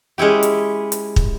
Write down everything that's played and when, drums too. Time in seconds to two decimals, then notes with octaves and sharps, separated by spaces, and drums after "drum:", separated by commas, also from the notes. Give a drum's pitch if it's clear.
0.18 G#3 C#4 E4 G4
0.43 drum: hi-hat
0.92 drum: hi-hat
1.16 drum: kick